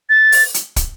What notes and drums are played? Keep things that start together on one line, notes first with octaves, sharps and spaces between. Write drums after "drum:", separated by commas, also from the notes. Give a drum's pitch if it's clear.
A6
drum: open hi-hat
drum: hi-hat
drum: kick, hi-hat